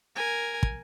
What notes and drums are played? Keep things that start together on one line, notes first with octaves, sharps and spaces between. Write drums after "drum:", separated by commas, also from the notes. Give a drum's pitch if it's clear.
A#4 G#5
drum: kick